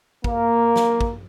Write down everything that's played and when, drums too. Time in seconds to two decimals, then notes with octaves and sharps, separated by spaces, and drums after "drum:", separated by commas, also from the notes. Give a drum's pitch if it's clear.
0.24 A#3, drum: kick
0.76 drum: snare
1.01 drum: kick